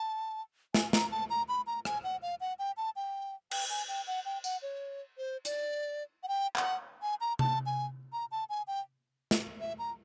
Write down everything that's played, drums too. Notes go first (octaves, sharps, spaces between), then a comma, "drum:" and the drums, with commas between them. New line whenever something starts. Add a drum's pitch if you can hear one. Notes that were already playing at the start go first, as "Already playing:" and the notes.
Already playing: A5
G#5, drum: snare
A#5, drum: snare
A5
A#5
B5
A#5
G#5, drum: rim click
F#5
F5
F#5
G5
A5
G5
G5, drum: cymbal
G#5
G5
F#5
G5
F#5, drum: tambourine
C#5
C5
D5, drum: hi-hat
F#5
G5
F#5, drum: clap
G#5
A#5
A5, drum: tom C3
G#5
A#5
A5
G#5
G5
drum: snare
E5
A#5